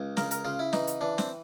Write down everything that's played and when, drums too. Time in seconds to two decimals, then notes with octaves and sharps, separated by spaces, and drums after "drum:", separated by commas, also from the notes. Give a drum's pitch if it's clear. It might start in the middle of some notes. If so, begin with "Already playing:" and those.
Already playing: C#2
0.17 C#3 A#4, drum: snare
0.31 A#4, drum: hi-hat
0.45 C#3 F4
0.59 E4
0.73 E3 D#4, drum: snare
0.87 drum: hi-hat
1.01 E3 D4
1.18 C4, drum: snare